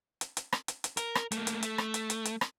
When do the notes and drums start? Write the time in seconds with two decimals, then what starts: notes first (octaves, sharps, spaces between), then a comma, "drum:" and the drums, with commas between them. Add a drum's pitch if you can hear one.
0.21 drum: hi-hat
0.37 drum: hi-hat
0.52 drum: rim click
0.68 drum: hi-hat
0.84 drum: hi-hat
0.97 A#4, drum: hi-hat
1.15 drum: rim click
1.32 A3 A#3, drum: hi-hat
1.47 drum: hi-hat
1.63 A3, drum: hi-hat
1.78 drum: rim click
1.94 drum: hi-hat
2.10 drum: hi-hat
2.25 drum: hi-hat
2.41 drum: rim click